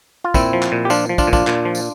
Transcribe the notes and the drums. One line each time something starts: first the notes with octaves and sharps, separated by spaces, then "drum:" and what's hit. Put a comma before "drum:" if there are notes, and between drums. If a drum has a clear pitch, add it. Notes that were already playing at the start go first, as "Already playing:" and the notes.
F4
A#2 C4 E4, drum: kick, tambourine
F3
drum: clap
A#2
G4
F3 D4 F4, drum: tambourine
F3
D4 F4, drum: kick, tambourine
A#2
D4 F4, drum: kick, tambourine
A#2, drum: clap
F3
drum: tambourine